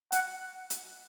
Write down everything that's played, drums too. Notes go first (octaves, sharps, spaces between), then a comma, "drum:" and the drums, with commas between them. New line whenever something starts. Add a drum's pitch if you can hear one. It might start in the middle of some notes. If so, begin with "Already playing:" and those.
F#5, drum: hi-hat
drum: hi-hat